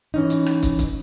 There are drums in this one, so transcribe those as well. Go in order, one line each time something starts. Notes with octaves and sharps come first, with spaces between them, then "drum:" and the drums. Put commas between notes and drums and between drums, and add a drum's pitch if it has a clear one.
E3 C#4 D#4
drum: hi-hat
drum: rim click
drum: kick, hi-hat
drum: kick, hi-hat